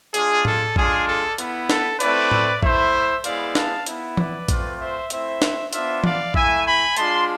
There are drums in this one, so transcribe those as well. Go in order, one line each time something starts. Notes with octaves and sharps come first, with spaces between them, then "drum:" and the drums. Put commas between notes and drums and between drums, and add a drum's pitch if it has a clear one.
G#3 D4 F4 G#4, drum: hi-hat
A4, drum: tom A2
G#3 D4 F4 G#4, drum: kick A#1
A4
B3 E4, drum: hi-hat
A4, drum: snare
A3 C4 E4 B4 D5, drum: hi-hat
drum: tom A2
A3 E4 C5 E5, drum: kick A#1
G#3 B3 E4 D5 F5, drum: hi-hat
F5 A5, drum: snare
B3 E4, drum: hi-hat
B4 D5, drum: tom E3
A3 C4 F4, drum: kick A#1, hi-hat
C5 E5
A3 C4 E4 C5 E5, drum: hi-hat
drum: snare
B3 D4 F4 C5 E5, drum: hi-hat
D5 F5, drum: tom E3
A3 E4 E5 G#5, drum: kick A#1
G#5 B5
G#3 D4 F4 A5 C6, drum: hi-hat